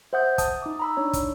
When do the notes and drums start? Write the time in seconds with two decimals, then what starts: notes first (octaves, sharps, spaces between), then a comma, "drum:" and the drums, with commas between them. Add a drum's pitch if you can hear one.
0.13 C5 E5 F#5 D#6 G6
0.38 A5 D#6, drum: kick, hi-hat
0.62 D#4 D6
0.79 A#5 B5 E6
0.97 D4 D#4 C#5 B5
1.13 drum: kick, hi-hat